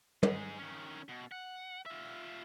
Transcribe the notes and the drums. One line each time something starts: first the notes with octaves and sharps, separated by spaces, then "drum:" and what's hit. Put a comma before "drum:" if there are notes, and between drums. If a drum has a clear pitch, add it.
G#2 G#4, drum: tom
D#3 C#4
B2
F#5
F4 E5